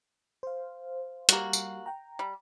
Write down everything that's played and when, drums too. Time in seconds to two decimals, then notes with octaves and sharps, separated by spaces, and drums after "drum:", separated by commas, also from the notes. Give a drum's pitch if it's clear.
0.43 C5 F5
1.29 G3 A#3 F#4 G4, drum: hi-hat
1.53 drum: tambourine
1.86 G5 A#5
2.19 G3